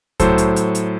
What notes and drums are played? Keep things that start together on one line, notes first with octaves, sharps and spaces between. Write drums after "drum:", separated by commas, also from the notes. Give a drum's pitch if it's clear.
A2 F#3 A4 C5, drum: kick C2, hi-hat
drum: hi-hat
drum: hi-hat
drum: hi-hat